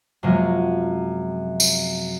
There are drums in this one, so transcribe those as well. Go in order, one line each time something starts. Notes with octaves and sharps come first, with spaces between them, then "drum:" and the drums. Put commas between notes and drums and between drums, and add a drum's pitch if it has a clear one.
F#2 C3 F3 G#3 A#3
drum: tambourine